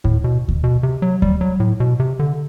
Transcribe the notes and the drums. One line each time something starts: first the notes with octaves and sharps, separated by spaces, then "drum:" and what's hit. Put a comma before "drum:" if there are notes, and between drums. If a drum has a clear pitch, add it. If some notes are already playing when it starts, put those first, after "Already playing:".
A2, drum: kick D2
B2
drum: kick D2
B2
C3
F#3
G3, drum: kick D2
F#3
A2
B2
C3
D3